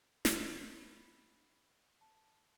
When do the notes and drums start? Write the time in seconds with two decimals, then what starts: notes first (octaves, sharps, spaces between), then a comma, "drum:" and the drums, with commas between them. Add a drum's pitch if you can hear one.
0.25 G#4, drum: snare
0.79 B5
2.01 A5